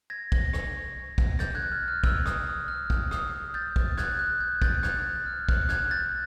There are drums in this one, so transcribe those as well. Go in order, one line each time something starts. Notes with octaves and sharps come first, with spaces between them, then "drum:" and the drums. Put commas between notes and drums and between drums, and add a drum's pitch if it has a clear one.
G#6 A#6
drum: kick
drum: rim click
drum: kick
G6 A6, drum: rim click
F#6 G#6
F6
F6
E6, drum: kick
D#6, drum: rim click
D#6
F6
drum: kick
D#6, drum: rim click
G6 A6
drum: kick
F#6 G#6, drum: rim click
F#6
G6
G6 A6, drum: kick
F#6 G#6, drum: rim click
F6
F#6, drum: kick
F#6 G#6, drum: rim click
G6 A6